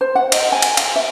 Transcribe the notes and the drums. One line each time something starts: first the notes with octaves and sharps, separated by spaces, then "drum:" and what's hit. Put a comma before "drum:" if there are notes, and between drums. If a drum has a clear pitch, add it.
C5
F#5
D#5, drum: cymbal
G#5
drum: cymbal
F5, drum: cymbal
E5